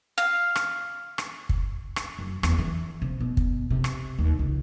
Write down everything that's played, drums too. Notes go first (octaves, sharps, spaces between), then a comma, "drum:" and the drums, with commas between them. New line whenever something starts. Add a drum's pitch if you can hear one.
F5
drum: rim click
drum: rim click
drum: kick
drum: rim click
F#2
E2, drum: rim click
E3
C3
B2
drum: kick
C3
drum: rim click
D#2
C#2